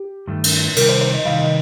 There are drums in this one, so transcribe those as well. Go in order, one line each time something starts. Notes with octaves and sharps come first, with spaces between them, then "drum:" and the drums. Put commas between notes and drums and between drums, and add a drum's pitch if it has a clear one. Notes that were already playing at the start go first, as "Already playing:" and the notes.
Already playing: G4
G2 D#3 A3
drum: cymbal
C3 D#3 G3 A#4, drum: cymbal
C5
C5
D#5
C3 D#3 G3 F5
D#5